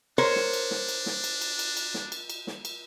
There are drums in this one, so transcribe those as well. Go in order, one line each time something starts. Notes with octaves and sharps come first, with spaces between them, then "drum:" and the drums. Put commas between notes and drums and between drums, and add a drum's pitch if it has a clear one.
D4 A#4 C5 C#5
drum: snare
drum: cymbal
drum: snare
drum: cymbal
drum: snare
drum: cymbal
drum: cymbal
drum: cymbal
drum: cymbal
drum: snare
drum: cymbal
drum: cymbal
drum: snare
drum: cymbal